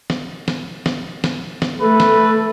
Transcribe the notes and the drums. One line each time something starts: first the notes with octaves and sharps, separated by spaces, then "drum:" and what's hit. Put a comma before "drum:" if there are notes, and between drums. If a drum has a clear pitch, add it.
drum: snare
drum: snare
drum: snare
drum: snare
drum: snare
A3 A4 B4
drum: snare